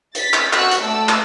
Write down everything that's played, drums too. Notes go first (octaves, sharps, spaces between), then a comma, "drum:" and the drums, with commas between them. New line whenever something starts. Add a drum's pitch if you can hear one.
A6 B6, drum: hi-hat
drum: clap
F#4 C#6 E6 F#6, drum: clap
drum: hi-hat
A3 A4 D5 E6
drum: clap